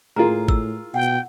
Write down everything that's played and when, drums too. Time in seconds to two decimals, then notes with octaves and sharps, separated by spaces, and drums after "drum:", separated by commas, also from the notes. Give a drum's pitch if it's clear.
0.16 A2 E4 F4 G#4 A#4 A#5
0.48 E6, drum: kick G#1
0.94 B2 F#5 G5